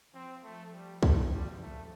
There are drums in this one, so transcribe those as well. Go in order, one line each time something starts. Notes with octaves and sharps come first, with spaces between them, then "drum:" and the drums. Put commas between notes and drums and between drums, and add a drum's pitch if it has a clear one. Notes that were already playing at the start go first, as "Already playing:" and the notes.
F3 C4
A3
G3
A3, drum: kick
G3
A3